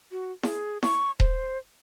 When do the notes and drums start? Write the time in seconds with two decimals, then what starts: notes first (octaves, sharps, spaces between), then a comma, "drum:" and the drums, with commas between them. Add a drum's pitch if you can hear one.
0.11 F#4
0.43 G#4, drum: snare E4
0.83 C#6, drum: snare E4
1.20 C5, drum: kick D#1